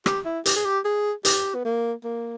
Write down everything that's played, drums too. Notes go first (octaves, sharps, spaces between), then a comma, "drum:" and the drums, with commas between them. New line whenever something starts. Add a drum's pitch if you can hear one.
G4, drum: rim click
E4
G4, drum: hi-hat
G#4
G4
G#4
G4, drum: hi-hat
B3
A#3
A#3